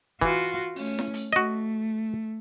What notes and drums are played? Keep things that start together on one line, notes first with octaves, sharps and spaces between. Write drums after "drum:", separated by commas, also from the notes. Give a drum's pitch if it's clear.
E3 F4 F#4, drum: kick
A3 C#4, drum: open hi-hat
drum: snare E4
drum: hi-hat
A3 F#4 D#5